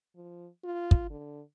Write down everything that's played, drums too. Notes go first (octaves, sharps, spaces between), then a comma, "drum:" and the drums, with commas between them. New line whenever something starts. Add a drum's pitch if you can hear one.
F3
F4
drum: kick
D3